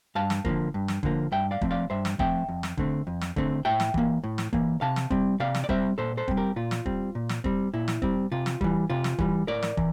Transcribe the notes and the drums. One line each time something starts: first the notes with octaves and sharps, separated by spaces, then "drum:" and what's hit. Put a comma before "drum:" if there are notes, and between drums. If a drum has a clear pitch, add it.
G2 F5 A5
drum: snare
D3 F3 A#3, drum: kick
G2
drum: snare
D3 F3 A#3, drum: kick
G2 E5 G5
D5 F5
F3 A3 C4, drum: kick
D5 F5
G2 C5 E5
drum: snare
F3 A3 C4 E5 G5, drum: kick
F2
drum: snare
D3 A3 C4, drum: kick
F2
drum: snare
D3 A3 C4, drum: kick
A2 E5 G5
drum: snare
E3 A#3, drum: kick
A2
drum: snare
E3 A#3, drum: kick
C3 F5 A5
drum: snare
G3 C4, drum: kick
C3 D5 F5
drum: snare
D5
G3 C4 C5 E5, drum: kick
A#2 A4 C5
A4 C5
G3 C4, drum: kick
G4 A#4
A#2 F4
drum: snare
G3 C4, drum: kick
A#2
drum: snare
G3 C4, drum: kick
A#2 E4
drum: snare
G3 C4, drum: kick
C3 F4
drum: snare
E3 G3, drum: kick
C3 F4
drum: snare
E3 G3, drum: kick
A2 A#4 D5
drum: snare
E3, drum: kick